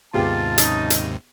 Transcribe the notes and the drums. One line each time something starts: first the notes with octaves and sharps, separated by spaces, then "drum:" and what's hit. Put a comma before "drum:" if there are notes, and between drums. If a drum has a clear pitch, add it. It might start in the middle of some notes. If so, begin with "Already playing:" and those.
D#2 G#2 C3 B3 F4 G4 G#4 A5
C#3 D#4, drum: hi-hat
drum: hi-hat